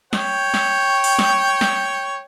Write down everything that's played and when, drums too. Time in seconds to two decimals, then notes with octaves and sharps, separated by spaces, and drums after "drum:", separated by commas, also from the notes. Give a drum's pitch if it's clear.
0.13 C#5 G5, drum: snare
0.54 drum: snare
1.04 drum: open hi-hat
1.19 drum: snare
1.61 drum: snare